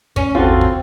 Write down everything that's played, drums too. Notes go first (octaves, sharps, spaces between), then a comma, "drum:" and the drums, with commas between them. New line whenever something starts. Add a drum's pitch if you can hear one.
C#4, drum: kick
A1 E2 G2 C4 F4 F#4 A4
drum: kick